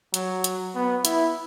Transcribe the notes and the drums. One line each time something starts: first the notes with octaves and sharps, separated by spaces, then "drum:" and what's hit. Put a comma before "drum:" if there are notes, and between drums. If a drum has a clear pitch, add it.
F#3, drum: hi-hat
drum: hi-hat
B3
E4, drum: hi-hat